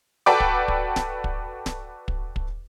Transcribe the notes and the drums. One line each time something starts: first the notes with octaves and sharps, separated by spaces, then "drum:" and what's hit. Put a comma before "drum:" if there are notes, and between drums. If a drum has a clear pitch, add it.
F#4 A4 B4 D5 G5 D6
drum: kick
drum: kick
drum: snare D1
drum: kick
drum: snare D1
drum: kick
drum: kick